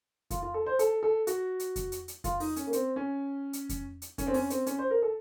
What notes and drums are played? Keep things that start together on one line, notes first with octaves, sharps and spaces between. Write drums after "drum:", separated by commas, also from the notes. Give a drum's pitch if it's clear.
F4, drum: kick F2, hi-hat
F4
A4
C5
A4, drum: hi-hat
A4
F#4, drum: hi-hat
drum: hi-hat
drum: kick F2, hi-hat
drum: hi-hat
drum: hi-hat
F4, drum: kick F2, hi-hat
D#4, drum: open hi-hat
C#4, drum: hi-hat
A#3
C4, drum: hi-hat
C#4
drum: hi-hat
drum: kick F2, hi-hat
drum: hi-hat
C#4, drum: kick F2, hi-hat
C4
C#4, drum: open hi-hat
C4, drum: hi-hat
C#4, drum: hi-hat
C5
A#4
A4